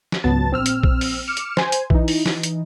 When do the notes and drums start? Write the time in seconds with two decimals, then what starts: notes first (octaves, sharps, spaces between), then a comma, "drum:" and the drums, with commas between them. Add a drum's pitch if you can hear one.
0.12 drum: snare
0.24 G#1 C#2 F#3 B3 A5 A6
0.51 A#1 C4 E6 F6
0.66 drum: hi-hat
0.83 drum: kick A#1
1.01 drum: open hi-hat
1.27 D6 F6 C#7 E7
1.37 drum: hi-hat
1.57 C5 G#5, drum: snare
1.72 drum: hi-hat
1.90 E3 D#4, drum: kick A#1
2.08 drum: open hi-hat
2.26 drum: snare
2.43 drum: hi-hat